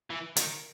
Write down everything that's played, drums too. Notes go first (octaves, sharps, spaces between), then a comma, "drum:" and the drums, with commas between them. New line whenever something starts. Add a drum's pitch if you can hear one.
E3
D#3, drum: hi-hat